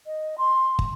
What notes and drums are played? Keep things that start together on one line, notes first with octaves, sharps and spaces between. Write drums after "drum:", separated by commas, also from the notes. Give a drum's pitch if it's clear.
D#5
C6
drum: kick